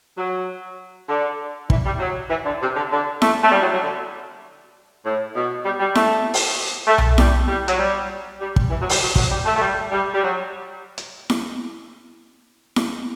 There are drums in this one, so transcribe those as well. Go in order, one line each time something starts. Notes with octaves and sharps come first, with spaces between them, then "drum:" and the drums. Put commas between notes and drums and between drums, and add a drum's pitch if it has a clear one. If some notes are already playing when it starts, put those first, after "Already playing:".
F#3
D3
E3, drum: kick
G3
F#3
E3
D3
C3
D3
D3
A3, drum: snare E4
A3
G3
F#3
F#3
D3
A2
B2
G3
G3
A3, drum: snare E4
drum: open hi-hat
A3
drum: tom B1
G3, drum: snare E4
G3
F#3, drum: hi-hat
G3
G3
drum: kick
E3
F#3
G3, drum: open hi-hat
F#3
F#3, drum: kick
G3
A3
A3
G3
G3
G3
F#3
drum: hi-hat
drum: snare E4
drum: snare E4